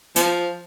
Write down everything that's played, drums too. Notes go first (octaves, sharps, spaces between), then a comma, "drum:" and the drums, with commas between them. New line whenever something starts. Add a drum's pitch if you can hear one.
F3, drum: hi-hat